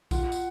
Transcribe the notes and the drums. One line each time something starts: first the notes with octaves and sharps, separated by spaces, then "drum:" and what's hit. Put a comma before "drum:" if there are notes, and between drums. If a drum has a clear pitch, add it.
F4 F#5, drum: kick A#1, tambourine
drum: tambourine